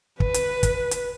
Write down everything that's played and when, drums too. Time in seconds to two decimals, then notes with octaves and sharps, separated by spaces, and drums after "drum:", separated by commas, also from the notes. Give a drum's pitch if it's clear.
0.20 B4, drum: kick
0.34 drum: hi-hat
0.63 drum: kick, hi-hat
0.91 drum: hi-hat